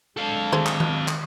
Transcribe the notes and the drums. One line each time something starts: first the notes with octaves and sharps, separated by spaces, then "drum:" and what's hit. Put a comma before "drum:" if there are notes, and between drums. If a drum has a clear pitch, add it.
G#3 D4 A4 F5
A3 G#4 C5, drum: tom D#3
drum: clap
drum: tom D#3
drum: clap